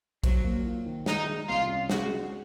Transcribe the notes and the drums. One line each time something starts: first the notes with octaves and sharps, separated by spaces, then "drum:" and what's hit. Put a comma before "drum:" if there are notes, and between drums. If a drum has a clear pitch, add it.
F#3 C5, drum: kick, cymbal
A#3
F4
D#3
G#3 D#4, drum: snare
G#3
C2 F4
C#4
G#3 F#4, drum: snare
G#3